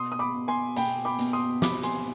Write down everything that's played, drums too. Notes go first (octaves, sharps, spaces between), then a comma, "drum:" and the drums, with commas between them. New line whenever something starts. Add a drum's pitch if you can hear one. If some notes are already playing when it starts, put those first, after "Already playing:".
Already playing: B2 C6 D#6
D#6
B5 D6
B2
G#5 C6
B2 G5 B5, drum: hi-hat
B5 D6
B2, drum: hi-hat
C6 D#6
C3 B5 D6, drum: snare
G#5 C6, drum: hi-hat